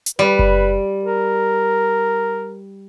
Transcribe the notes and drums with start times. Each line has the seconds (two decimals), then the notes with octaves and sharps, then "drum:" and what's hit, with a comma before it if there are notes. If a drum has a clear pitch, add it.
0.06 drum: hi-hat
0.19 G3 B4
0.39 drum: kick F#1
1.03 A#4